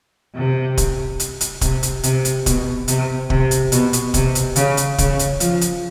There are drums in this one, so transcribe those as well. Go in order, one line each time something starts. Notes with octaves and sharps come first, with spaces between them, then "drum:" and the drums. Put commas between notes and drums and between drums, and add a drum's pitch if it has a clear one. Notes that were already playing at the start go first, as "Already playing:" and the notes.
C3
drum: kick, hi-hat
drum: hi-hat
drum: hi-hat
C3, drum: kick, hi-hat
drum: hi-hat
C3, drum: hi-hat
drum: hi-hat
B2, drum: kick, hi-hat
C3, drum: hi-hat
C3, drum: kick
drum: hi-hat
B2, drum: hi-hat
drum: hi-hat
C3, drum: kick, hi-hat
drum: hi-hat
C#3, drum: hi-hat
drum: hi-hat
C#3, drum: kick, hi-hat
drum: hi-hat
F3, drum: hi-hat
drum: hi-hat